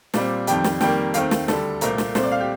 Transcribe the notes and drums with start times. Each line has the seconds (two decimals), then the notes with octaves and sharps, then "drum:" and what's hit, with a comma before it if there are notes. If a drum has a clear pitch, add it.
0.14 A#2 G3 C4, drum: snare
0.47 F2 D#3 G3 G5, drum: hi-hat
0.64 drum: snare
0.81 F2 D#3 G3 A#3 G5, drum: snare
1.14 D#2 D#3 A3 C4 F5, drum: hi-hat
1.31 drum: snare
1.48 D2 D3 G3 A4, drum: snare
1.81 C2 A#2 A3 C4 A#4, drum: hi-hat
1.98 drum: snare
2.15 C2 A#2 A3 C4 C5, drum: snare
2.23 D5
2.31 F5
2.40 G4